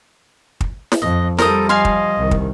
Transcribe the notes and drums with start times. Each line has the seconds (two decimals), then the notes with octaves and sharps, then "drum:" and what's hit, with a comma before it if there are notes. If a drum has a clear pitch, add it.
0.61 drum: kick
0.92 drum: snare
1.02 F2 D#5
1.38 F3 G3 A4 A#4 C5 D#6, drum: snare
1.69 D#5 F5 G#5 C6
1.85 drum: kick
2.16 C2 D#3
2.31 drum: kick